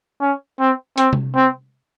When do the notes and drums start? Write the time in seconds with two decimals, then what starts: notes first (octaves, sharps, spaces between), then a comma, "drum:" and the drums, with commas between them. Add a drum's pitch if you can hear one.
0.21 C#4
0.60 C4
0.98 C4, drum: hi-hat
1.13 drum: tom C3
1.36 C4